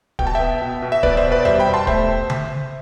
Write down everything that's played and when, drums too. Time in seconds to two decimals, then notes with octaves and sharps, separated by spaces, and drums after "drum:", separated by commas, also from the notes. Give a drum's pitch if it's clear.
0.19 B2 G5, drum: kick
0.27 A5
0.35 B3 E5 G5
0.61 B2
0.82 B2
0.92 E5
1.03 B2 B4 D5, drum: kick
1.17 C5 E5
1.24 B2
1.32 B4 D5
1.45 G3 C5 E5, drum: tom E2
1.59 G5 B5
1.67 B2
1.73 A5 C6
1.87 A3 C5 E5, drum: kick
2.30 drum: tom C#3